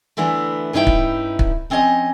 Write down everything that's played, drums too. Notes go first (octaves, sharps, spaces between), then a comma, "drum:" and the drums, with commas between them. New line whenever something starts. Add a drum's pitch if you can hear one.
D3 E3 A3 B3 D4 E4
G2 C#4 D#4 E4 A#4 G5
drum: kick
drum: kick
F3 C4 C#4 D5 D#5 G#5